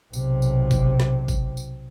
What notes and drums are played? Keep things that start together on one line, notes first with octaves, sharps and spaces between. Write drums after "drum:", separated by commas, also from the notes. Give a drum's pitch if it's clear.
B1 C3, drum: tambourine
drum: tambourine
drum: kick G#1, tambourine
drum: snare
drum: kick G#1, tambourine
drum: tambourine